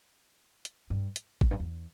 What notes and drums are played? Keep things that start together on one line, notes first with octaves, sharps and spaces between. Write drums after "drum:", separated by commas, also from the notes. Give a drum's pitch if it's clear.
drum: hi-hat
G2
drum: hi-hat
E2, drum: kick G#1
G2
E2